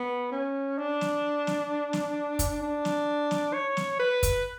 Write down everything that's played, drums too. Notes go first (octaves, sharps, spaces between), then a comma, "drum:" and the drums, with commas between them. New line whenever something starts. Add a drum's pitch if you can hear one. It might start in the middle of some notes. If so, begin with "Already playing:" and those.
Already playing: B3
C#4
D4
drum: snare
drum: snare
drum: snare
drum: kick, hi-hat
D4
drum: snare
drum: snare
C#5
drum: snare
B4
drum: kick, hi-hat